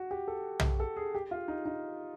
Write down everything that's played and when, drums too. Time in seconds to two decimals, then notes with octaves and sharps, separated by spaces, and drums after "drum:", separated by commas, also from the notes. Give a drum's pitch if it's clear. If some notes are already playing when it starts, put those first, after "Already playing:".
Already playing: F#4
0.11 G4
0.28 A4
0.60 drum: tom B1
0.80 A4
0.97 G#4
1.15 G4
1.31 F4
1.48 D#4
1.66 D#4